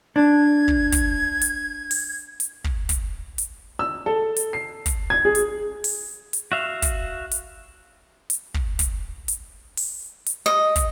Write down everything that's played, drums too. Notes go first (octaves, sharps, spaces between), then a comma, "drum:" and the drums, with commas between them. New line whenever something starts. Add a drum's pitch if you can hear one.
D4 G#6
drum: kick
drum: kick, hi-hat
drum: hi-hat
drum: open hi-hat
drum: hi-hat
drum: kick
drum: kick, hi-hat
drum: hi-hat
E6
A4
drum: hi-hat
C7
drum: kick, hi-hat
G#6
G#4
drum: hi-hat
drum: open hi-hat
drum: hi-hat
F#4 E5 F5
drum: kick, hi-hat
drum: hi-hat
drum: hi-hat
drum: kick
drum: kick, hi-hat
drum: hi-hat
drum: open hi-hat
drum: hi-hat
D#5
drum: kick, hi-hat